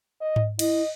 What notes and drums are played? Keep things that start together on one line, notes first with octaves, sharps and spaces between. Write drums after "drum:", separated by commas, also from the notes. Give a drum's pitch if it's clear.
D#5
drum: tom G#2
E4 D#5, drum: cymbal